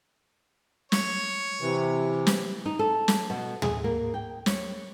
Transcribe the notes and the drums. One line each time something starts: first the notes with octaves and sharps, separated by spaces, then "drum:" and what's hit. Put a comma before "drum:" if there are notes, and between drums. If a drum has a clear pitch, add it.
C#5, drum: snare
C3 E3
drum: snare
D#4
A4
drum: snare
B2
G#4, drum: tom
A#3
G5
C#5, drum: snare